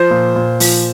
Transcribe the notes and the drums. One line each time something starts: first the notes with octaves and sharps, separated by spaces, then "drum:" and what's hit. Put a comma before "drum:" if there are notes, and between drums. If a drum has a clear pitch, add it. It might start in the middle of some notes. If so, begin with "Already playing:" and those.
Already playing: F3 C5
A#2
A#2
F3, drum: open hi-hat